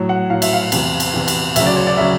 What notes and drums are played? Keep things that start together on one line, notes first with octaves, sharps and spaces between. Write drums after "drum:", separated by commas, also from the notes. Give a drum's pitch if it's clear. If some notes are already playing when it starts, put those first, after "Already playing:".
Already playing: A2 F#3
F#5
A2 F#3 F5
E5, drum: cymbal
F5
E2 C3 E3, drum: cymbal
drum: cymbal
E2 C3 E3
drum: cymbal
D2 C#3 F#3 E5, drum: cymbal
D5
C#5
D5
C#3 F#3 E5